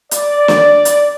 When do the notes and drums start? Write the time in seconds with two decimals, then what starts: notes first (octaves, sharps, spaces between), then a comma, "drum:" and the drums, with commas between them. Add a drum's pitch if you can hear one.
0.11 D5, drum: hi-hat
0.48 drum: snare
0.85 drum: hi-hat